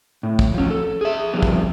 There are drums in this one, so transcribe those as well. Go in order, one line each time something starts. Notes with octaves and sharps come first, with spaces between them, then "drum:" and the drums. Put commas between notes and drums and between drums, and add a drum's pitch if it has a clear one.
A2
drum: kick
F3 C#4
A4
G#4 E5
F3 G3 B3
drum: kick